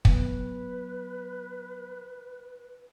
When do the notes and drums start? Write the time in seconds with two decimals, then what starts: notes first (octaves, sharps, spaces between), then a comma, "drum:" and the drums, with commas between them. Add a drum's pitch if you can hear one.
0.05 F#3 B3 B4, drum: kick